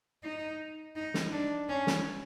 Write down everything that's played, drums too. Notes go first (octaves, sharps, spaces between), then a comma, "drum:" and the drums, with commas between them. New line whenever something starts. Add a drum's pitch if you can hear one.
D#4
D#4
drum: snare
D4
C#4
drum: snare